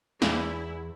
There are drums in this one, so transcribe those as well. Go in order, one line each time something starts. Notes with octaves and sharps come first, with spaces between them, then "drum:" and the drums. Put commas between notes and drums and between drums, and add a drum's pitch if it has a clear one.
E2 E4, drum: snare